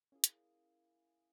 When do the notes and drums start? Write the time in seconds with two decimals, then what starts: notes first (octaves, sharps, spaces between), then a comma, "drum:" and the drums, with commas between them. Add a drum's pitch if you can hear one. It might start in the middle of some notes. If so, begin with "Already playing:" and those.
0.12 A#3 C#4 E4 G#4
0.24 drum: hi-hat